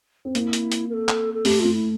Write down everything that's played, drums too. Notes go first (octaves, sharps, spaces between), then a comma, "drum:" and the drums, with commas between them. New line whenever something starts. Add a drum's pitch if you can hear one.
C4
A#3 E4, drum: hi-hat
drum: hi-hat
drum: hi-hat
A#4
A4
drum: clap
A4
A3 G4, drum: open hi-hat
A3 F4
E4